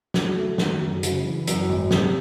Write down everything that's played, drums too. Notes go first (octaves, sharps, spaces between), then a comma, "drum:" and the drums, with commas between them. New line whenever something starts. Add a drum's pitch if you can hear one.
F#3, drum: snare
A3
D#3, drum: snare
F#2
C#3, drum: hi-hat
E3
F#2, drum: hi-hat
G#1
C3, drum: snare